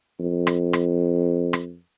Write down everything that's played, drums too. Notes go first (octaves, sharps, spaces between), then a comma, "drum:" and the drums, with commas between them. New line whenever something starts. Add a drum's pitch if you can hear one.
F2
drum: rim click
drum: rim click
drum: rim click